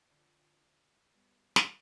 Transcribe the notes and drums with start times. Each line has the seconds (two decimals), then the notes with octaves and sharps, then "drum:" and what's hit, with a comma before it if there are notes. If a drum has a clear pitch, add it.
0.10 D3 F3
1.15 G3 B3
1.56 drum: snare